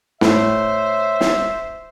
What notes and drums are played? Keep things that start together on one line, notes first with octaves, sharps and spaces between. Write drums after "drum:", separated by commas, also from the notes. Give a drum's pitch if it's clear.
A2 C5 C#5 E5, drum: snare
drum: snare